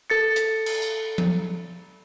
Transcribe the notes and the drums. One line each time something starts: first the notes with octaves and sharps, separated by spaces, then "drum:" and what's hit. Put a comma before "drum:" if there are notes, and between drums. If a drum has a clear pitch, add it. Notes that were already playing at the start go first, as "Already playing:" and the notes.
A4 A6 C#7
drum: hi-hat
drum: cymbal
drum: tambourine
drum: tom F3